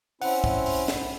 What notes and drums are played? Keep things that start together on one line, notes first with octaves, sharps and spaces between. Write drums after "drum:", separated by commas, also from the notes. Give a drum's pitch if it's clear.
C4 C#4 E4 F#5, drum: open hi-hat
drum: kick
drum: open hi-hat
drum: snare